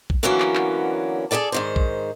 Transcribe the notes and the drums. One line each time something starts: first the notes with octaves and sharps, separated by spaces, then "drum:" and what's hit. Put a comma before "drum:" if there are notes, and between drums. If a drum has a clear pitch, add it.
drum: kick
D3 E3 F#3 A#3 B3 C#4
drum: clap
drum: clap
G#4 A4 B4 D5 A5
G#2 D#3 C5
drum: kick